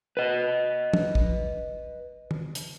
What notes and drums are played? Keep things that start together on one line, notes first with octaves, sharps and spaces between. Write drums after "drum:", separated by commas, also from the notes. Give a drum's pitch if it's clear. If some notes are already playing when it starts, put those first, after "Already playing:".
B4 D#5
drum: tom
drum: kick
drum: tom
drum: hi-hat